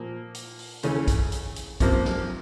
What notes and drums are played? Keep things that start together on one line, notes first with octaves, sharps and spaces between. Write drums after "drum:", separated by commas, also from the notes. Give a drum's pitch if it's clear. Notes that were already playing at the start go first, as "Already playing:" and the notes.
Already playing: A#2 F3 A#3
drum: hi-hat
drum: open hi-hat
D#2 C#3 E3 A3 C#4, drum: hi-hat
drum: kick, hi-hat
drum: hi-hat
drum: hi-hat
C3 F3 A#3, drum: kick, hi-hat
drum: snare